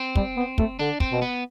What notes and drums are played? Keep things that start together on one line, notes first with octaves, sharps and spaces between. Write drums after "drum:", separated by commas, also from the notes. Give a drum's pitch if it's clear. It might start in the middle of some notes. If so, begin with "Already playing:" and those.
Already playing: C4
G3, drum: kick
B3
A3, drum: kick
D3 D4
C4, drum: kick
B2
B3